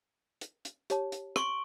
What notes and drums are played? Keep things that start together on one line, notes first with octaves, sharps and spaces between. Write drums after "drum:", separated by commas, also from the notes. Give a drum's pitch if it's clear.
drum: hi-hat
drum: hi-hat
G4 C#5 A5, drum: hi-hat
drum: hi-hat
C6 C#6 D7, drum: rim click